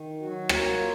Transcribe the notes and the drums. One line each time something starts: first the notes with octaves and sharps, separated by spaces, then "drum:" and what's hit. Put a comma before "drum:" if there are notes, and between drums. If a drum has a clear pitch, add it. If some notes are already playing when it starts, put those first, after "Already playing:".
Already playing: D#3
F#3 F#4
A#3 A#4 C#5, drum: rim click
F4